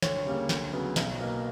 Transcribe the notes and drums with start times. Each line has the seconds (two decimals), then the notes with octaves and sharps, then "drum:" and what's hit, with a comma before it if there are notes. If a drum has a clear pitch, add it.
0.03 D2 C#5, drum: snare
0.26 C#3 G3 A#3
0.49 D2, drum: snare
0.73 C#3 F#3 B3
0.96 B1, drum: snare
1.20 B2 A#3